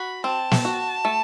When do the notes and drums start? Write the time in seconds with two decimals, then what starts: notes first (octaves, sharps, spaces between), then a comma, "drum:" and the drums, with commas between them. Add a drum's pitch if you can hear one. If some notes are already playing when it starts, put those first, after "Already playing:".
Already playing: F#4 B5
0.24 C4 A5
0.51 drum: snare
0.65 F#4
1.05 A3